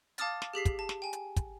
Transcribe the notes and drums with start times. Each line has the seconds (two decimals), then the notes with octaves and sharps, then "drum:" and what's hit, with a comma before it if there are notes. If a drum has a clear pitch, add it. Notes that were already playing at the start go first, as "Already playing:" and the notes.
0.18 F5 A5 D6 D#6 F6 A6, drum: hi-hat
0.42 drum: snare
0.53 G4 G#4 B6 C7
0.65 drum: kick, hi-hat
0.79 A5
0.89 drum: snare
1.02 G5 G#5
1.13 drum: hi-hat
1.36 drum: kick, hi-hat